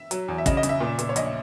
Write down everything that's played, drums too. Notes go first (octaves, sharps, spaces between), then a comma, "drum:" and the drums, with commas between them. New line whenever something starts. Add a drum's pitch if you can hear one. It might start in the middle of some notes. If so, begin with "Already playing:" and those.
Already playing: E5
F#3, drum: hi-hat
E2
E5
C#3 D#5, drum: kick, hi-hat
D#5
C#3, drum: hi-hat
E5
A#2
A#2, drum: hi-hat
C#5
A#1 D#5, drum: hi-hat